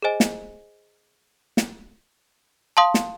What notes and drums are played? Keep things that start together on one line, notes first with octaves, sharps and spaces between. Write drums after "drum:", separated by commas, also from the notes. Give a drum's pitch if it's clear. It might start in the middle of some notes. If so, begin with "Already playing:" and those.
G#4 C5 D#5 G#5
drum: snare
drum: snare
F5 A5 C6 D#6
drum: snare